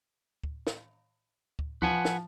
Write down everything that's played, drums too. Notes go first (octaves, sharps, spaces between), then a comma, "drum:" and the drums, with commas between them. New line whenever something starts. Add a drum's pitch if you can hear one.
drum: kick D2
drum: snare
drum: kick D2
F3 B4 F#5 G#5, drum: kick D2
drum: snare